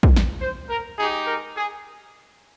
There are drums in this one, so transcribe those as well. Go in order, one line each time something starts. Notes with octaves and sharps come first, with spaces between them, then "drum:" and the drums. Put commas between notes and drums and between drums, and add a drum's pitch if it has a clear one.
drum: kick
drum: snare
C5
A#4
G#3 D#4 G4 G#4
A#4
G#4